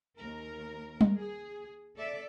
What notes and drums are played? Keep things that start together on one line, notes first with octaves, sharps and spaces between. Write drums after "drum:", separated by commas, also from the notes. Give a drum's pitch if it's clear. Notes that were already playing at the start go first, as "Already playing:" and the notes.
D#2 A#4
drum: tom G3
G#4
A4 D5 E5